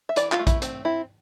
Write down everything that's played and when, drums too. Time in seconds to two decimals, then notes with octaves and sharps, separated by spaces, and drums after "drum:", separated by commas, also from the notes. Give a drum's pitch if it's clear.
0.09 E5
0.16 E3 D5, drum: hi-hat
0.32 F4, drum: clap
0.39 A3
0.47 E4, drum: kick A#1, hi-hat
0.62 C4, drum: hi-hat
0.85 C4 E4